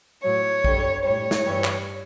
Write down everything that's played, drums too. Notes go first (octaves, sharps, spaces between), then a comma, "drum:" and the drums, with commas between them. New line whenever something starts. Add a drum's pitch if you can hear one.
A2 F#3 C#5
F#2 D3 G3, drum: kick
A2 G3 C#5
drum: snare
G2 E3 G3
drum: clap